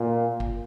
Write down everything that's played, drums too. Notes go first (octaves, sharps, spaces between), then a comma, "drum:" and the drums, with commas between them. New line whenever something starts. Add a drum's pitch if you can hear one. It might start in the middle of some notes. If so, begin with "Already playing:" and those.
Already playing: A#2
drum: kick